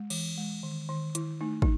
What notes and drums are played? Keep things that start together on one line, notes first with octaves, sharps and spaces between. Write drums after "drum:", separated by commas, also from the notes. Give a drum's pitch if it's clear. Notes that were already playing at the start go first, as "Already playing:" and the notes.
Already playing: G#3
E3, drum: cymbal
G#3
D#3
D#3
D#3 E4, drum: hi-hat
A3 D#4
D#4, drum: kick